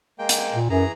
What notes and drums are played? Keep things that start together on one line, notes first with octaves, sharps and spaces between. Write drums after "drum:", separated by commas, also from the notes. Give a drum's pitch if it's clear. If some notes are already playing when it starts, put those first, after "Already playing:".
G#3 A#3 G5
drum: hi-hat
A#2
F#2 E3 G#4 A#5